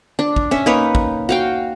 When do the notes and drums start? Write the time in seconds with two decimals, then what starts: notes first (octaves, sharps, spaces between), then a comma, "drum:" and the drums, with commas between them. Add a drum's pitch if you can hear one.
0.19 D4
0.36 drum: kick
0.51 C#4 E5
0.66 A#3 D#4 B4 C#5
0.95 drum: kick
1.29 F#4 F5 G5